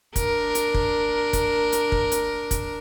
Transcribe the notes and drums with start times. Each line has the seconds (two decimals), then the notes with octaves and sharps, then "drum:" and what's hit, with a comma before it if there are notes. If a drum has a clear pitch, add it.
0.16 D4 A#4, drum: kick, hi-hat
0.55 drum: hi-hat
0.74 drum: kick
1.33 drum: kick, hi-hat
1.72 drum: hi-hat
1.92 drum: kick
2.12 drum: hi-hat
2.51 drum: kick, hi-hat